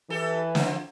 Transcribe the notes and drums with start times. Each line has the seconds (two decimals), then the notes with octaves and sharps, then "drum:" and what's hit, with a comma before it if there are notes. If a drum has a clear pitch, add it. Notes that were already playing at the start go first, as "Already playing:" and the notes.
0.10 E3 G4 A4
0.55 D3 F3 C4, drum: snare